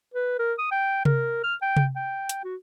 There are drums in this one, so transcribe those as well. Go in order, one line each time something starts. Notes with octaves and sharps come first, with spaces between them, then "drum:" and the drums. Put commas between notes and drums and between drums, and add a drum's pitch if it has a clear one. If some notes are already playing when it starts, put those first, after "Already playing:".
B4
A#4
D#6
G5
A#4, drum: tom C3
F6
G5
drum: tom C3
G5
drum: hi-hat
F#4